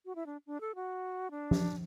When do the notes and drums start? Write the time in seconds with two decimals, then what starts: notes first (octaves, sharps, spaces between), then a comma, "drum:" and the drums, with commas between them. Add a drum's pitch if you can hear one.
0.06 F#4
0.15 E4
0.26 D4
0.47 D4
0.61 A4
0.75 F#4
1.31 D4
1.51 drum: tom